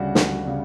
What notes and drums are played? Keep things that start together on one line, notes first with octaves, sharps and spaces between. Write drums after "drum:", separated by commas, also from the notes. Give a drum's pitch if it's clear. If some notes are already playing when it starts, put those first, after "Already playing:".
Already playing: D2 C#3 G3 F#4
D2, drum: snare
C#3 G3